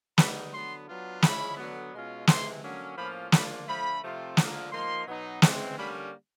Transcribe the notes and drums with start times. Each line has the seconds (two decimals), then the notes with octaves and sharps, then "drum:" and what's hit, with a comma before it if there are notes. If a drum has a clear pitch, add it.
0.18 D#3 G3 B3 D#4 B5, drum: snare
0.53 D3 F#3 B3 C6
0.88 F#3 B3 D4 F4
1.22 F3 G#3 C#4 E4 B5, drum: snare
1.57 D3 F#3 B3
1.92 B2 G#3 C#4 F4
2.27 C3 E3 G#3 C4 C6, drum: snare
2.62 D3 F#3 A#3 C#4
2.97 A2 F3 A#3 C#4 F4 B5
3.32 F3 A#3 D4 F4 B5, drum: snare
3.67 D3 F3 A3 B5
4.02 C3 F3 A3 C4 F4
4.37 D3 F3 A#3, drum: snare
4.72 F3 A#3 D#4 C6
5.07 B2 F#3 B3 D#4
5.42 C#3 E3 G#3 C4, drum: snare
5.77 D3 G3 A#3 C#4 B5